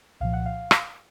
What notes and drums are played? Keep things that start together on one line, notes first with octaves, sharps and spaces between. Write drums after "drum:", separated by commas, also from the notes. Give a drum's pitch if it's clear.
C2 A#2 F3 F5
F#5
F5
drum: rim click